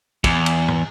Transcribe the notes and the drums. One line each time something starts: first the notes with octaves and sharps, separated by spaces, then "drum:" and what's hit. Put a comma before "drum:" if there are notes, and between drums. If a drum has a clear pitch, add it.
E2, drum: kick, cymbal
drum: cymbal
drum: tom